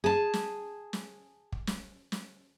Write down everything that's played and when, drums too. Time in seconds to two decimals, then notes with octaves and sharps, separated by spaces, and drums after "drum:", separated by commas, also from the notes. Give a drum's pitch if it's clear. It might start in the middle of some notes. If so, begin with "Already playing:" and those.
0.04 G#4 A5
0.33 drum: snare
0.93 drum: snare
1.52 drum: kick
1.67 drum: snare
2.12 drum: snare